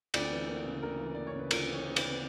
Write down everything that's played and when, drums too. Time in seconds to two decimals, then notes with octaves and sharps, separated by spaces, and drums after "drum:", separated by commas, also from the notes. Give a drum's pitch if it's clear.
0.14 D2 D5, drum: cymbal
0.31 E3
0.48 A#3
0.65 C#3
0.82 D2 A#4
0.99 E3
1.14 A#3 D5
1.27 C#5
1.34 C#3
1.39 B4
1.51 D2 A#4, drum: cymbal
1.68 E3
1.74 C#5
1.86 A#3
1.96 B4, drum: cymbal
2.03 C#3